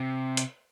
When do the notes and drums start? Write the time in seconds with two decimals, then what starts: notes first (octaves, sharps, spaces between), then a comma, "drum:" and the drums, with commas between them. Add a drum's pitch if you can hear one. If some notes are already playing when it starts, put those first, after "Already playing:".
Already playing: C3
0.37 drum: hi-hat